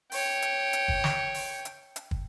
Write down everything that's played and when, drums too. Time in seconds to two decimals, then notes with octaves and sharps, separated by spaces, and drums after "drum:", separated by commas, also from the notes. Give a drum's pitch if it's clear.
0.12 C#5 G5, drum: open hi-hat
0.42 drum: hi-hat
0.73 drum: hi-hat
0.88 drum: kick
1.04 drum: snare
1.34 drum: open hi-hat
1.65 drum: hi-hat
1.96 drum: hi-hat
2.11 drum: kick